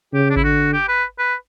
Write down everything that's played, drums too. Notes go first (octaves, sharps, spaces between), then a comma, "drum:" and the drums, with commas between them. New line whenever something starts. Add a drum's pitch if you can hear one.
C#3 G4
D4
E4, drum: kick G#1
D3 F#4
G4
B4
B4